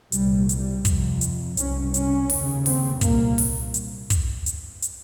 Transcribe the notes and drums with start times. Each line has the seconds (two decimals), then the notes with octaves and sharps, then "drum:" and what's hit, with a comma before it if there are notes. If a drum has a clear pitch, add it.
0.12 C2 A#2 G3, drum: hi-hat
0.49 G3, drum: hi-hat
0.85 F2 C3, drum: kick, hi-hat
1.21 drum: hi-hat
1.57 C2 C3 C#4, drum: hi-hat
1.94 C#4, drum: hi-hat
2.30 D#2 C#3, drum: open hi-hat
2.66 C4, drum: open hi-hat
3.01 C2 A#2 A#3, drum: kick, hi-hat
3.38 drum: open hi-hat
3.74 drum: hi-hat
4.10 drum: kick, hi-hat
4.46 drum: hi-hat
4.82 drum: hi-hat